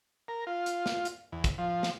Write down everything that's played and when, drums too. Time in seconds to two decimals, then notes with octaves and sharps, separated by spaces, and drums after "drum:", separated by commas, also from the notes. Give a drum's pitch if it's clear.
0.28 A#4
0.47 F4
0.66 drum: hi-hat
0.86 drum: snare
1.05 drum: hi-hat
1.32 E2
1.44 drum: kick, hi-hat
1.58 F3
1.83 drum: snare